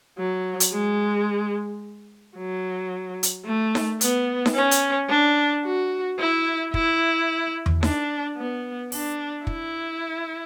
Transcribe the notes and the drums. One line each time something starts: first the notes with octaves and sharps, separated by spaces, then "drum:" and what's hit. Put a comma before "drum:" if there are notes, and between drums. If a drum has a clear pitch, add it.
F#3
drum: hi-hat
G#3
F#3
drum: hi-hat
A3
drum: snare D#4
B3, drum: hi-hat
drum: snare D#4
C#4
drum: hi-hat
D4
F#4
E4
E4, drum: kick
drum: tom E2
D4, drum: snare D#4
B3
D4, drum: open hi-hat
E4, drum: kick